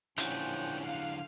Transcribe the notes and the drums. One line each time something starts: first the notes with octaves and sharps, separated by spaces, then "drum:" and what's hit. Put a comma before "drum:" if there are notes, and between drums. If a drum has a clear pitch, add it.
A#2 D3 F3 C#4 E4 G4 F#5 G5, drum: hi-hat
F5 F#5